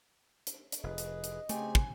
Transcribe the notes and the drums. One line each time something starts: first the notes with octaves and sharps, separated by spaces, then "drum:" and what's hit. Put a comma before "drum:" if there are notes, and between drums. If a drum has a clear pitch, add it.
drum: hi-hat
drum: hi-hat
F1 G#4 B4 D#5
drum: hi-hat
drum: hi-hat
C#3 A3 C4 G4 G#5, drum: hi-hat
drum: kick